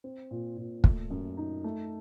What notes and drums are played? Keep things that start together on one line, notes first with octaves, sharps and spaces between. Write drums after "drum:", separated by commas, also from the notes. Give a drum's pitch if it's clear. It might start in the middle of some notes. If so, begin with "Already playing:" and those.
C4
A#2
A#2
A3, drum: kick
F#2
D#4
A3